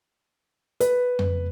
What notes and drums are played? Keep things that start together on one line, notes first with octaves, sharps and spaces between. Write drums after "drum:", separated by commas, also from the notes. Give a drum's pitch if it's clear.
B4, drum: hi-hat
drum: tom F2